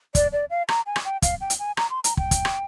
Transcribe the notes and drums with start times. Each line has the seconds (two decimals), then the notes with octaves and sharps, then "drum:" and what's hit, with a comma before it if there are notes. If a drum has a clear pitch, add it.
0.15 D5, drum: kick, hi-hat
0.32 D5
0.50 F5
0.68 A#5, drum: rim click
0.86 G#5
0.96 drum: rim click
1.05 G5
1.22 F5, drum: kick, hi-hat
1.41 G5
1.50 drum: hi-hat
1.59 G#5
1.77 A#5, drum: rim click
1.90 C6
2.04 A#5, drum: hi-hat
2.17 G5, drum: kick
2.31 drum: kick, hi-hat
2.45 drum: rim click